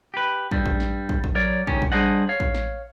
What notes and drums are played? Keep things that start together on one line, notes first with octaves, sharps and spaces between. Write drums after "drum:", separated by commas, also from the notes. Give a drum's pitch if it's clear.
G4 B4
G2 G3, drum: kick
drum: kick
drum: snare
drum: kick
drum: kick
F#3 A#4 C#5 D5
C#2 D#3 C#4 G4, drum: kick
drum: kick
G3 D4 G#4 C5 D#5 F#5
C#5 F5
drum: kick
drum: snare